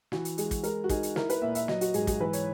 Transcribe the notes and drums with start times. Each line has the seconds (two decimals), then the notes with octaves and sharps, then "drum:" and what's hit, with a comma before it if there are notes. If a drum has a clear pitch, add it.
0.12 E3 F#4, drum: snare
0.25 drum: hi-hat
0.38 G#3 G#4, drum: hi-hat
0.51 drum: kick, hi-hat
0.63 G#3 A#4, drum: hi-hat
0.84 F#4
0.89 D#4 G#4, drum: kick, hi-hat
1.03 drum: hi-hat
1.16 E4 A#4, drum: snare
1.30 B4, drum: hi-hat
1.42 A#2 E5
1.55 E5, drum: hi-hat
1.68 F#3 D#5, drum: snare
1.81 F#4, drum: hi-hat
1.94 G#2 G#4, drum: hi-hat
2.07 G#4, drum: kick, hi-hat
2.20 E3 B4
2.33 C#5, drum: hi-hat